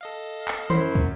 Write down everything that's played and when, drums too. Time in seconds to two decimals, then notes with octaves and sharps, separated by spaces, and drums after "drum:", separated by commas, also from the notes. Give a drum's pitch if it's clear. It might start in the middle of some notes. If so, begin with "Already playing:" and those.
0.01 A4 D#5 F5
0.48 drum: clap
0.70 F#2 F#3 E4 C5, drum: tom D#3
0.95 drum: kick